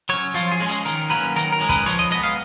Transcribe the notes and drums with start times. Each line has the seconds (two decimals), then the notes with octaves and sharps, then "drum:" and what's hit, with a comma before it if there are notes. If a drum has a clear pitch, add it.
0.09 F#3 C#4 C#5
0.34 F3 F4, drum: hi-hat
0.51 G#4
0.60 G#3 C#4
0.69 G#4, drum: hi-hat
0.85 D#3 A#4, drum: hi-hat
1.10 F#3 A#3 C#4 B4
1.36 D#3 A#4, drum: hi-hat
1.52 A#4
1.61 G#3 C#4
1.69 B4, drum: kick, hi-hat
1.86 F3 C#5, drum: hi-hat
1.99 D#5
2.11 G#3 B3 D#5
2.23 F5